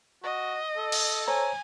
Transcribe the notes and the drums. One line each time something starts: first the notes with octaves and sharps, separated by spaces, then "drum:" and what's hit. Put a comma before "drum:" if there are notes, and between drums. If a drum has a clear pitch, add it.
F#4 D#5
A4
drum: cymbal
C5 C#5 G#5 A#5